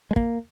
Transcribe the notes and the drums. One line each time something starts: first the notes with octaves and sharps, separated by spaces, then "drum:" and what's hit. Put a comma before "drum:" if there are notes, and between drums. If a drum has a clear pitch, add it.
G#3
A#3, drum: kick